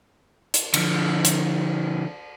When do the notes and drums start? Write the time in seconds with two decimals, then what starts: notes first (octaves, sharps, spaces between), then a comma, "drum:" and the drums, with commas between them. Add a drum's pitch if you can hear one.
0.54 drum: hi-hat
0.74 D3 F3, drum: cymbal
1.25 drum: hi-hat